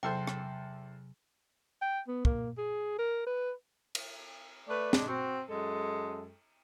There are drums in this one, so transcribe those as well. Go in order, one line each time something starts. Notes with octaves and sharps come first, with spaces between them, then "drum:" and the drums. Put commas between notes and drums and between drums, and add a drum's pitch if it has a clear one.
E2 C3 F#3 A4 C5 G5
drum: rim click
G5
B3
A#3, drum: kick
G#4
A#4
B4
drum: cymbal
A3 B4 D5
G#3 D4, drum: snare
C4 F#4
F#2 G#3 A4